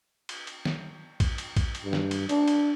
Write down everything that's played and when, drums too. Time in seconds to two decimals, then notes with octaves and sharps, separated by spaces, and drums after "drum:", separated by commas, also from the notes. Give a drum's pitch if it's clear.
0.29 drum: cymbal
0.47 drum: cymbal
0.65 drum: snare
1.20 drum: kick, cymbal
1.38 drum: cymbal
1.57 drum: kick, cymbal
1.75 drum: cymbal
1.84 G2
1.93 drum: snare
2.11 drum: cymbal
2.29 D4, drum: cymbal
2.48 drum: cymbal